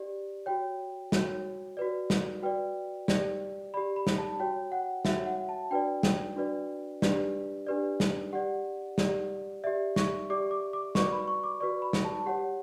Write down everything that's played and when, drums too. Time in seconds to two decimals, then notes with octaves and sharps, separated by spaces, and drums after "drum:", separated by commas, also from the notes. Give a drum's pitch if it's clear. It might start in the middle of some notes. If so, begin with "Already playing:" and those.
Already playing: G4 D5
0.46 F#4 C#5 G5
1.12 F#4 C#5, drum: snare
1.77 F#4 B4 D5
2.10 drum: snare
2.42 F#4 B4 D5 G5
3.08 G4 D5, drum: snare
3.74 G4 D5 B5
3.96 B5
4.07 drum: snare
4.18 A5
4.40 F#4 C#5 G5
4.72 F#5
5.05 F#4 C#5 E5, drum: snare
5.26 F#5
5.49 A5
5.71 D4 F#4 B4 D5 G5
6.03 drum: snare
6.36 D4 F#4 B4 D5
7.02 D4 G4 B4 D5, drum: snare
7.67 D4 G4 B4 D5
8.00 drum: snare
8.33 G4 D5 F#5
8.98 G4 D5, drum: snare
9.64 G4 D5 E5
9.96 C#6, drum: snare
10.30 G4 D5 D6
10.51 D6
10.73 D6
10.95 F#4 B4 D5 C#6, drum: snare
11.12 B5
11.28 C#6
11.44 D6
11.60 F#4 B4 D5 C#6
11.82 B5
11.93 drum: snare
12.05 A5
12.26 G4 C#5 F#5